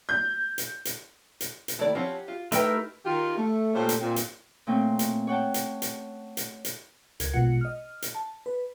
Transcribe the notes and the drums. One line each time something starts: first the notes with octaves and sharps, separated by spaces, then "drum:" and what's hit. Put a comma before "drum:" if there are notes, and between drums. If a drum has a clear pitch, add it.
G6
drum: hi-hat
drum: hi-hat
drum: hi-hat
drum: hi-hat
D#2 A3 E4 D5
F3 C4 C#4 G4 F#5
F4
A3 D#4 E4 G4 A#4 B4 G5, drum: hi-hat
D#3 F4 G4
A3
A#2 A3 A#3 C#4 G4 C5
drum: hi-hat
A#2 C4
drum: hi-hat
A#2 A3 C4 C#4 G5
drum: hi-hat
C#5 F#5 G5 A5
drum: hi-hat
drum: hi-hat
drum: hi-hat
drum: hi-hat
C#2 A#4 G#6, drum: hi-hat
A#1 B2 G#3 F4 F#5 C#7
D#5 F6
drum: hi-hat
A5
B4